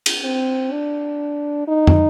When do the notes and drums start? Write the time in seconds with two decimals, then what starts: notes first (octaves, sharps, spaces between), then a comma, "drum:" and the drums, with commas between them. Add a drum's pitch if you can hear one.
0.06 drum: cymbal
0.24 C4
0.72 D4
1.68 D#4
1.87 drum: tom